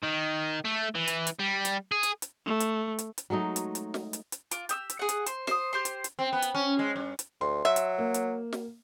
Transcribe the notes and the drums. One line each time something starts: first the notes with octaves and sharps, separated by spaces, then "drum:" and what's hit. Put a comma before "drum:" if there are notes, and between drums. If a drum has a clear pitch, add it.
D#3
A3
E3
drum: hi-hat
drum: hi-hat
G3
drum: hi-hat
G#4
drum: hi-hat
drum: hi-hat
A3
drum: hi-hat
drum: hi-hat
drum: hi-hat
F#3 G#3 A3 D#4
drum: hi-hat
drum: hi-hat
drum: snare
drum: hi-hat
drum: hi-hat
F4 D6, drum: hi-hat
G4 D#6 E6, drum: hi-hat
drum: hi-hat
G#4 F#5
drum: hi-hat
C5, drum: hi-hat
C5 D#6, drum: snare
G4 C5 C6
drum: hi-hat
drum: hi-hat
C4
B3
drum: hi-hat
C#4
G#3
G2
drum: hi-hat
D2 C6
F#3 E5
drum: hi-hat
A#3
drum: hi-hat
drum: snare